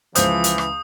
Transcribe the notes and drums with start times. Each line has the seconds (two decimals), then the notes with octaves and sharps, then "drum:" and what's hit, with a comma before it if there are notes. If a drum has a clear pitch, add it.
0.15 C#2 E3 F3 C5 D#6 G6, drum: hi-hat
0.44 drum: hi-hat
0.58 drum: rim click